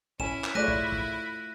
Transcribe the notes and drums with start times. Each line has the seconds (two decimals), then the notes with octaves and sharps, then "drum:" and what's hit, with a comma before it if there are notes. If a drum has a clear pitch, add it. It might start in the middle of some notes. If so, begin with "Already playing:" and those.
0.20 C#4 E4 G#5 B5 E7, drum: kick
0.44 drum: clap
0.55 A3 F4 G#4 C#5 D5 F#6 A#6 D#7
0.68 drum: kick
0.92 drum: kick